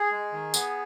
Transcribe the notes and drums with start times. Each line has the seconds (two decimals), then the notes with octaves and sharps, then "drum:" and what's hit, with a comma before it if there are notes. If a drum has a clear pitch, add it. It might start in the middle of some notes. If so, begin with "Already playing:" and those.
Already playing: G#4
0.11 G#3
0.32 D#3
0.54 B3, drum: tambourine